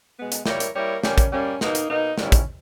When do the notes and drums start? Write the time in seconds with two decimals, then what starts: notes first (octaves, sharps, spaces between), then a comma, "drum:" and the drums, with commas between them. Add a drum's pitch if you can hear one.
0.17 B2 G#3 B3
0.32 drum: hi-hat
0.46 G3 A#3 E4 A#4 C#5, drum: snare
0.60 drum: hi-hat
0.74 G3 A#3 E4 A#4 C#5
1.03 G3 A#3 C#4, drum: snare
1.18 drum: kick, hi-hat
1.32 G3 A#3 C#4
1.61 B2 A#3 D#4, drum: snare
1.75 drum: hi-hat
1.89 B2 A#3 D#4
2.18 G#2 D#3 G3 C#4 E4, drum: snare
2.32 drum: kick, hi-hat